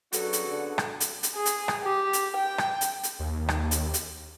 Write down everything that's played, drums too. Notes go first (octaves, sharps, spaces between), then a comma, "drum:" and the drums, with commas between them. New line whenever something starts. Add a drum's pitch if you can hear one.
C#3 F#3 B3 D4 F#4 A4, drum: hi-hat
drum: hi-hat
D3
drum: rim click
drum: hi-hat
drum: hi-hat
G#4
drum: hi-hat
drum: rim click
G4
drum: hi-hat
G5
drum: rim click
drum: hi-hat
drum: hi-hat
D#2
drum: rim click
drum: hi-hat
drum: hi-hat